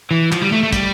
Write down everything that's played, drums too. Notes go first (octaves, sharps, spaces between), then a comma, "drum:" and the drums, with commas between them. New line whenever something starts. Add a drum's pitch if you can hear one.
E3
F3, drum: clap
G3
A3
A3
G3, drum: kick, hi-hat